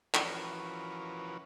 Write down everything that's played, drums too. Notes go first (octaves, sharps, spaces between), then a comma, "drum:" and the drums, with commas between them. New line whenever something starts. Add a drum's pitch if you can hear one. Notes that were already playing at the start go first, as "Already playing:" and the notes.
E3 F3 C#4 F#4 A#4 B4, drum: clap